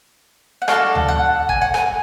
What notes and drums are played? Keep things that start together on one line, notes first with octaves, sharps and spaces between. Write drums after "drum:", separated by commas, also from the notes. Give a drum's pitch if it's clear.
F#5
D4 F#4 A4 F5, drum: rim click
drum: tom D2
F#5
G#5, drum: kick
F#5
G#5, drum: rim click